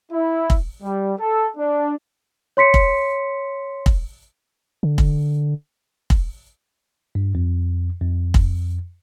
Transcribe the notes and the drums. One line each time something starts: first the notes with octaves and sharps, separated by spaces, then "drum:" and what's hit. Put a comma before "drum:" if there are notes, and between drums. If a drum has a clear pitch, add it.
E4
drum: kick
G3
A4
D4
C#5 C6 B6 C#7
drum: kick
drum: kick
D3
drum: kick
drum: kick
G2
F2
F2
drum: kick